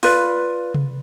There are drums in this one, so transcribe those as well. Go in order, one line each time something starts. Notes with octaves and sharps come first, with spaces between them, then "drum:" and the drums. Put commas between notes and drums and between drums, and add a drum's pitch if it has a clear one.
F4 B4 D5, drum: open hi-hat
drum: tom C3